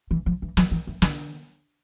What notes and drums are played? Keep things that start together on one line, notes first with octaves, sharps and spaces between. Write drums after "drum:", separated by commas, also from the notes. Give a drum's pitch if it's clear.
E3
F3
E3
F3, drum: snare
E3
E3
D3, drum: snare